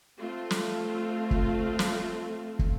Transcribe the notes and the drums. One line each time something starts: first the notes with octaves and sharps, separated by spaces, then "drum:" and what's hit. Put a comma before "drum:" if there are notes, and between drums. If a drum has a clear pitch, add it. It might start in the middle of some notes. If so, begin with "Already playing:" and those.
A3 C4 F4
drum: snare
drum: kick
drum: snare
drum: kick